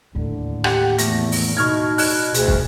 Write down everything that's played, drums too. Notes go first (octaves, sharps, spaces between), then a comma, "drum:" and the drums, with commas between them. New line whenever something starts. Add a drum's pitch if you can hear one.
D#2 A2 D3
G4 F#5, drum: rim click
E2 A3 A#6, drum: hi-hat
drum: open hi-hat
B2 D#4 C#6 F6 G#6
F#6 G#6 E7, drum: open hi-hat
D2 G#4, drum: hi-hat
drum: kick